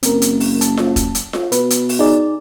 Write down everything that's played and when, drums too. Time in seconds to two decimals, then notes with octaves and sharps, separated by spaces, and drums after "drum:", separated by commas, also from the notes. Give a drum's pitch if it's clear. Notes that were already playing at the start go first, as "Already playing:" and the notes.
0.03 F#1 C4 A#4, drum: hi-hat
0.22 drum: hi-hat
0.40 drum: open hi-hat
0.61 A5, drum: hi-hat
0.77 drum: snare F4
0.96 drum: kick E1, hi-hat
1.15 drum: hi-hat
1.33 drum: snare F4
1.52 B2 B4, drum: hi-hat
1.70 drum: hi-hat
1.89 drum: open hi-hat
1.99 D#4 G#4 D5